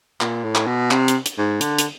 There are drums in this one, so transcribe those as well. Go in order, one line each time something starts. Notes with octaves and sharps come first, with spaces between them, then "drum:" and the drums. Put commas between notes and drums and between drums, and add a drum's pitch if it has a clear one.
A#2, drum: clap
A2
drum: clap
B2
C3, drum: clap
drum: hi-hat
drum: hi-hat
G#2
D3, drum: hi-hat
drum: hi-hat